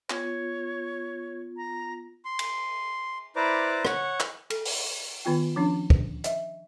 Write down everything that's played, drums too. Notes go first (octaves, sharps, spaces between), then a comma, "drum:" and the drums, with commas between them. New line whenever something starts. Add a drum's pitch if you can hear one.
B3 F4 C#5, drum: clap
A#5
C6
drum: cymbal
E4 B4 C5 D5 A#5 D6
C#5 F#5, drum: rim click
drum: clap
A4, drum: cymbal
drum: open hi-hat
D#3 B3 F4 G5
F3 C#4 D4
drum: kick
D#5 E5, drum: hi-hat